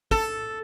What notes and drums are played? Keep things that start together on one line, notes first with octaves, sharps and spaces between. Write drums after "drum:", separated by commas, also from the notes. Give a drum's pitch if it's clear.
A4, drum: kick